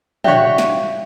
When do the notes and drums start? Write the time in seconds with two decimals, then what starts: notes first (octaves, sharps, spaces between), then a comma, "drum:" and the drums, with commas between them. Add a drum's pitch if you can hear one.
0.24 D4 F#4 G4 C#5 E5 F5, drum: tom
0.58 drum: snare